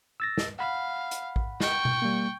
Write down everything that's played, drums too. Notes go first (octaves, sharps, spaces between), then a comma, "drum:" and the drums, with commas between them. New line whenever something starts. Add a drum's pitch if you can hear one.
E6 A6 A#6
drum: snare
F5 F#5 B5
drum: hi-hat
drum: kick A1
G5 C#6, drum: snare
drum: tom B2
G3 A#3